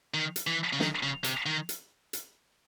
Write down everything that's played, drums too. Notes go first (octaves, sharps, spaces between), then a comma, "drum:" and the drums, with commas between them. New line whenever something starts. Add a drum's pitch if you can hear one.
D#3
drum: hi-hat
E3
C#3
D#3, drum: snare
C#3
C3, drum: hi-hat
D#3
drum: hi-hat
drum: hi-hat